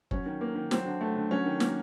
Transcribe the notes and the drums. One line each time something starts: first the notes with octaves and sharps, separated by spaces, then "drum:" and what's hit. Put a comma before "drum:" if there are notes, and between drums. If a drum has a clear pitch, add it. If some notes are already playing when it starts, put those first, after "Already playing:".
F#3 C#4, drum: kick
D#3
A#3
D#3
F#3 C4, drum: snare
D3
A3
D3
F#3 C#4
D#3
A#3, drum: snare